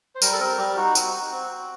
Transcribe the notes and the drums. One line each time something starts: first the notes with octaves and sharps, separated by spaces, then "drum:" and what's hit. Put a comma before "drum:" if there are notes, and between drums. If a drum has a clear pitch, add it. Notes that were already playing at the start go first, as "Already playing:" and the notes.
C5
G3 A#4, drum: tambourine
A4
C4 A#4
G3 G4
D#4 F#4
C4, drum: tambourine
D#4
C4
C4